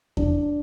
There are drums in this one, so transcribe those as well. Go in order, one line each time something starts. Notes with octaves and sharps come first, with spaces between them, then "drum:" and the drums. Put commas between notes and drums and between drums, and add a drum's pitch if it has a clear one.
D4, drum: kick E2